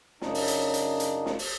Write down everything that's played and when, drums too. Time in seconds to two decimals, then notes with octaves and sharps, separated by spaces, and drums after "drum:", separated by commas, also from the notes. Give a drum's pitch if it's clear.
0.21 F#2 C#3 D4 D#4, drum: snare
0.35 drum: open hi-hat
0.48 drum: hi-hat
0.74 drum: hi-hat
1.00 drum: hi-hat
1.26 drum: snare
1.39 drum: open hi-hat